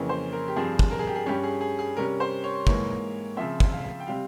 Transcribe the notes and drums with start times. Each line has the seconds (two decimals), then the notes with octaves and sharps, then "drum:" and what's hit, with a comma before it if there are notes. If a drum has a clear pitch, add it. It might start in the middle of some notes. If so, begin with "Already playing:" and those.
Already playing: F2 C#3 E3 A#3 C#4
0.09 C5
0.33 A#4
0.48 G4
0.56 G2 F3 C4 G#4
0.79 drum: kick
0.91 A#4
0.99 G#4
1.07 G4
1.15 G#4
1.26 G2 G3 C#4 G4
1.44 G#4
1.61 G#4
1.79 G#4
1.97 C3 G3 C#4 A#4
2.20 C5
2.44 C#5
2.67 G#2 E3 A#3 C#5, drum: kick
3.37 C#3 F3 C4 E5
3.60 drum: kick
3.72 F5
4.00 G5
4.07 C3 G3 C4 F5